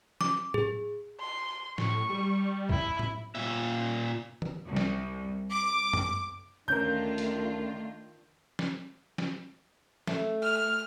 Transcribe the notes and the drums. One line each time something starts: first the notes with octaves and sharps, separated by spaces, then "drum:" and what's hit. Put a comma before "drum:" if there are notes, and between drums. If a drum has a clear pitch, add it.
D6, drum: snare
G#4, drum: tom A2
C6
A2 C#6, drum: snare
G3
E4, drum: kick
drum: tom A2
A#2 E5
drum: tom D#3
C2
drum: snare
D6
drum: tom F#2
D2 D#3 A3 C#4 D4 F4 A#4 G6
drum: hi-hat
drum: snare
drum: snare
A3, drum: snare
F6